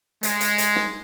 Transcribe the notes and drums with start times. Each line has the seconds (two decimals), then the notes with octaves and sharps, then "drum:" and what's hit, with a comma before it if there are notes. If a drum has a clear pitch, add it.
0.23 G#3, drum: hi-hat
0.41 drum: hi-hat
0.58 drum: hi-hat
0.76 drum: snare